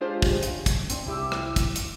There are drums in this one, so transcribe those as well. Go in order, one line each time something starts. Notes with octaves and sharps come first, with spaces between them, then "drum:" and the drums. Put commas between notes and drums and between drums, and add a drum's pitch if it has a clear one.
G#3 D4 F4 G4 G#4 C5
drum: kick, open hi-hat
C#3, drum: hi-hat
drum: kick, hi-hat
C4 D4, drum: hi-hat
C2 E4 G4 D6 E6
drum: rim click
E7, drum: kick, hi-hat
drum: hi-hat